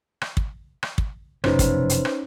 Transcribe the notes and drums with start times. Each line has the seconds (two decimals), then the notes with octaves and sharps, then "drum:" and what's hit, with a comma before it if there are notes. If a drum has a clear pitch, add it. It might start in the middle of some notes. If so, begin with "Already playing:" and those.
0.21 drum: rim click
0.37 drum: kick
0.83 drum: rim click
0.98 drum: kick
1.44 F1 F#2 B2 C#4 D#4 B4 C5, drum: rim click
1.59 drum: kick, hi-hat
1.90 drum: hi-hat
2.05 drum: rim click